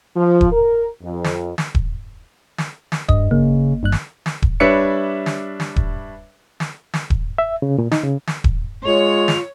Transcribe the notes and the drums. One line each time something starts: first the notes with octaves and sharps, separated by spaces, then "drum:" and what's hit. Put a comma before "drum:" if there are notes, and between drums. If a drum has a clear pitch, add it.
F3
drum: kick D#1
A#4
F2
drum: snare
drum: snare
drum: kick D#1
drum: snare
drum: snare
G2 D#5, drum: kick D#1
G1 C#3 A#3
G1 G2 F#6
drum: snare
drum: snare
drum: kick D#1
G3 D4 B4 C#5 E5 C#7
drum: snare
drum: snare
drum: kick D#1
drum: snare
drum: snare
drum: kick D#1
E5
C#3
A#2
D#4, drum: snare
C#3
drum: snare
drum: kick D#1
G#3 F4 C#5 F7
drum: snare